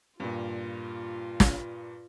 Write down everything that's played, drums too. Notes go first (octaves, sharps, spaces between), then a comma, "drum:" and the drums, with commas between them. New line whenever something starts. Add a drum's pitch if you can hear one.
G2 A#2 F4
drum: snare